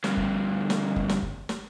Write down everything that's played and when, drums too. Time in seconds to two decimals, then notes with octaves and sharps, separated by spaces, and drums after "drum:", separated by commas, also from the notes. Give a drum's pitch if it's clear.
0.04 D2 G2, drum: snare
0.17 drum: kick
0.70 drum: snare
0.96 drum: kick
1.09 drum: snare
1.23 drum: kick
1.49 drum: snare